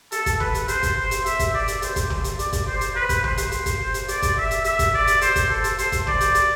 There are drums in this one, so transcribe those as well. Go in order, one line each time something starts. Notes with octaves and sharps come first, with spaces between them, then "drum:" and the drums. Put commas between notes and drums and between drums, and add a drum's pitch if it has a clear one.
A4, drum: hi-hat
drum: kick, hi-hat
B4, drum: tom C2
drum: hi-hat
C5, drum: hi-hat
drum: kick, hi-hat
drum: hi-hat
E5, drum: hi-hat
drum: kick, hi-hat
D5
drum: hi-hat
C5, drum: hi-hat
drum: kick, hi-hat
drum: tom C2
drum: hi-hat
D5, drum: hi-hat
drum: kick, hi-hat
C5
drum: hi-hat
B4
drum: kick, hi-hat
C5, drum: tom C2
drum: hi-hat
drum: hi-hat
drum: kick, hi-hat
drum: hi-hat
D5, drum: hi-hat
drum: kick, hi-hat
E5
drum: hi-hat
E5, drum: hi-hat
drum: kick, hi-hat
D5
drum: hi-hat
C5, drum: hi-hat
drum: kick, hi-hat
A4
drum: hi-hat
C5, drum: hi-hat
drum: kick, hi-hat
D5, drum: tom C2
drum: hi-hat
drum: hi-hat